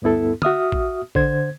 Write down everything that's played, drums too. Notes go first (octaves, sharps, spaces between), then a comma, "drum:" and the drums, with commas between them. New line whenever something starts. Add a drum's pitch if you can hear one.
D2 G2 B3 E4 A4
F#4 E5 D#6 F6, drum: tom
drum: kick A1
D3 C5 G#6, drum: kick A1